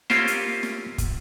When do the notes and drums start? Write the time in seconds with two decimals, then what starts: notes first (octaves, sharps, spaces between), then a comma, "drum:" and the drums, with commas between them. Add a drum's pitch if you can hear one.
0.10 A#3 C4 C#4 F4 G4 C5, drum: snare
0.27 drum: hi-hat
0.63 drum: snare
0.98 drum: kick, hi-hat